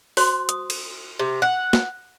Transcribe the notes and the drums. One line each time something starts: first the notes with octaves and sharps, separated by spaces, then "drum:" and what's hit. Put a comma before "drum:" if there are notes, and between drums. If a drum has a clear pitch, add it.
F#4 C5 C6, drum: open hi-hat
D#6, drum: hi-hat
drum: cymbal
C3
F#5
drum: snare